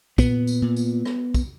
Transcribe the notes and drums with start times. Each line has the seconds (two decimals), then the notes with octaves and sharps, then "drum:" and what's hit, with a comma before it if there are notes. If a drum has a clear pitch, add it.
0.18 A#2 B3, drum: kick, tambourine
0.47 drum: tambourine
0.62 A#2
0.76 drum: tambourine
1.05 drum: rim click
1.34 drum: kick, tambourine